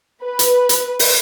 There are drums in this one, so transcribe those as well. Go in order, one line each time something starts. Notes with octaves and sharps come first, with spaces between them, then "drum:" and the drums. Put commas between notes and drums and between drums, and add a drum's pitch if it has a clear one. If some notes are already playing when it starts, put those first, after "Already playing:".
B4
drum: hi-hat
drum: hi-hat
drum: open hi-hat